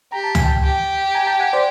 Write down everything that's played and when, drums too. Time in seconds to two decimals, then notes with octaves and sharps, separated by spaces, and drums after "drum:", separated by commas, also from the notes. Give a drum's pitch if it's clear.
0.12 G4 A#5
0.24 A5
0.35 G#5, drum: tom C#2
0.45 G5 A5
0.63 G4
1.15 G#5 A#5
1.27 G5 A5
1.40 F#5 G#5
1.53 C5 D5